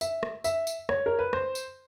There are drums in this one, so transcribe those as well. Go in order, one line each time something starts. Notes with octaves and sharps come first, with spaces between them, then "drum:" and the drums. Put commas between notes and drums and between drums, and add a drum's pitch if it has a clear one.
E5, drum: tambourine
drum: rim click
E5, drum: tambourine
drum: tambourine
C#5, drum: rim click
A#4
B4
C5, drum: rim click
drum: tambourine